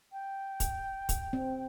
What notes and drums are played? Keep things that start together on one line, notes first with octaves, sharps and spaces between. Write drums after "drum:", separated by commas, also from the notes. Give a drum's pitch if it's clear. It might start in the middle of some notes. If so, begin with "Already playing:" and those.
G5
drum: kick, hi-hat
drum: kick, hi-hat
C4